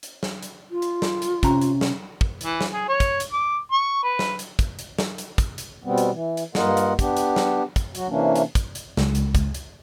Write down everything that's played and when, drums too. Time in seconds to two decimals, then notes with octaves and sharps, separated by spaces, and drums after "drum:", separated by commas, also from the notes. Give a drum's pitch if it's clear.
0.03 drum: hi-hat
0.23 drum: snare
0.43 drum: hi-hat
0.71 F4
0.82 drum: hi-hat
1.02 drum: snare
1.22 drum: hi-hat
1.43 C3 C#4 A#5, drum: kick, hi-hat
1.61 drum: hi-hat
1.81 drum: snare
2.21 drum: kick
2.41 E3, drum: hi-hat
2.61 drum: snare
2.72 G#4
2.88 C#5
3.00 drum: kick, hi-hat
3.20 drum: hi-hat
3.32 D6
3.72 C#6
4.03 B4
4.19 drum: snare
4.39 drum: hi-hat
4.59 drum: kick, hi-hat
4.79 drum: hi-hat
4.98 drum: snare
5.18 drum: hi-hat
5.38 drum: kick, hi-hat
5.58 drum: hi-hat
5.84 B2 G3 B3 C4
5.98 drum: hi-hat
6.11 E3
6.37 drum: hi-hat
6.55 G2 A#3 F4 A#4 D#5 F#5, drum: snare
6.77 drum: hi-hat
6.99 B3 D4 G4, drum: kick, hi-hat
7.17 drum: hi-hat
7.36 drum: snare
7.76 drum: kick, hi-hat
7.95 F#3 F#4, drum: hi-hat
8.08 C3 E3 A#3 C#4 D4
8.36 drum: hi-hat
8.55 drum: kick, hi-hat
8.75 drum: hi-hat
8.97 C#2, drum: snare
9.15 drum: hi-hat
9.35 drum: kick, hi-hat
9.54 drum: hi-hat